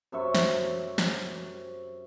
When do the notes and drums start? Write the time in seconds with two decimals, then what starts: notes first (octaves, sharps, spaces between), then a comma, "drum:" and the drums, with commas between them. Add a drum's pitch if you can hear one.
0.12 F#2 C3 E5 C#6
0.35 drum: snare
0.98 drum: snare